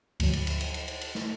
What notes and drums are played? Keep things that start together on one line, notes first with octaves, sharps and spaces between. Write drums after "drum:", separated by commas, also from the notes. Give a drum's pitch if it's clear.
D2 G#2 D3 F3 F#3, drum: cymbal
drum: cymbal
drum: cymbal
drum: cymbal
drum: cymbal
drum: cymbal
drum: cymbal
drum: snare